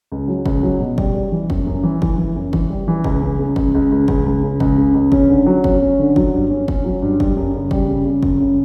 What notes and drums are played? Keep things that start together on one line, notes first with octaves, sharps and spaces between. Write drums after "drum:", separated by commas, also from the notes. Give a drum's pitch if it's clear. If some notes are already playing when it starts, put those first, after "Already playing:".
C#2
F#3
C#2, drum: kick F#1
F#3
B2
G3, drum: kick F#1
G3
E3
F#2, drum: kick F#1
F#2
E3
E3, drum: kick F#1
E3
F#2
E3, drum: kick F#1
G3
E3
C#2, drum: kick F#1
C#3
C#3
C#2, drum: kick F#1
C#2
C#2
C#2, drum: kick F#1
C#2
C#3
C#2, drum: kick F#1
C#3
C#2
C#4, drum: kick F#1
D3
F#3
C#4, drum: kick F#1
C#4
D3
F#3, drum: kick F#1
G2
C#4
C#4, drum: kick F#1
F#3
G2
G3, drum: kick F#1
F#2
C#3
G3, drum: kick F#1
C#3
C#3
F#2, drum: kick F#1
C#3